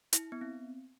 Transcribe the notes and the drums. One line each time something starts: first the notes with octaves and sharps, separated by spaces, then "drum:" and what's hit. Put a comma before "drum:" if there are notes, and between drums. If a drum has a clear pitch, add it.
E4, drum: hi-hat
B3
C4